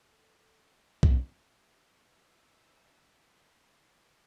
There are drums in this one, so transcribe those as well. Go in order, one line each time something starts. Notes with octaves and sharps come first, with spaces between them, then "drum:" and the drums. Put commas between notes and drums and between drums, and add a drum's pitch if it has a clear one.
A4
drum: kick B1
E3 A3 E4 A4 D6
D3 C#4 D#4 G#4 A#4 E5 E6
C6